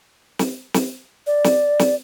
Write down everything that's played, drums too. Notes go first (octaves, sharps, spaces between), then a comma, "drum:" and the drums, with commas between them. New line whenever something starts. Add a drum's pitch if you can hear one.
drum: snare
drum: snare
D5
drum: snare
drum: snare